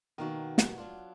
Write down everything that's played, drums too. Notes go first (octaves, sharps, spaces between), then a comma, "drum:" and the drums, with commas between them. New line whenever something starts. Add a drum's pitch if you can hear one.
B2 D#3 A#3 D4 F#4
drum: snare
F#3 D4 F4